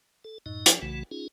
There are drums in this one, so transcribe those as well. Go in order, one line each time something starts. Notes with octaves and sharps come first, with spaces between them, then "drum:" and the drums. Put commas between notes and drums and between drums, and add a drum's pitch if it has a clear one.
A4
F#2 A2 D#4 D#5
F3, drum: hi-hat
B1 C#3 E3 A3 F#4
C#4 D#4 F4 G#4